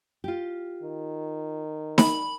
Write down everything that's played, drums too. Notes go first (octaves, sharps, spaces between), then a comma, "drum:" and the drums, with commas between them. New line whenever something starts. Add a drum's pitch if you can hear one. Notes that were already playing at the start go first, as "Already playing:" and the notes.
F4 G4
D#3
B5, drum: snare D#4